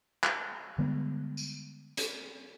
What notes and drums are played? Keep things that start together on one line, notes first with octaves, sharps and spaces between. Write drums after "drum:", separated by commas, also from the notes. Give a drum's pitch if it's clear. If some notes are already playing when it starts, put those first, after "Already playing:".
drum: clap
D3 G3 G#3 B3
drum: tambourine
drum: hi-hat